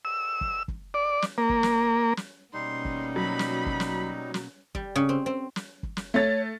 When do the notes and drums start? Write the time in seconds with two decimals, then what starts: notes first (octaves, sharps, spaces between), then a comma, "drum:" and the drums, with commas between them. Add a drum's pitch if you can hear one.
0.05 E6
0.41 drum: kick
0.68 drum: kick
0.94 D5
1.22 drum: snare
1.38 A#3
1.49 drum: kick
1.63 drum: snare
2.17 drum: snare
2.54 B2 G3 A#3 C#4 D#4 C6
2.85 drum: kick
3.16 F#3 B5
3.39 drum: snare
3.66 drum: kick
3.80 drum: snare
4.34 drum: snare
4.75 G3, drum: kick
4.96 C#3
5.09 C4
5.26 C4
5.56 drum: snare
5.83 drum: kick
5.97 drum: snare
6.14 A3 C#5 A6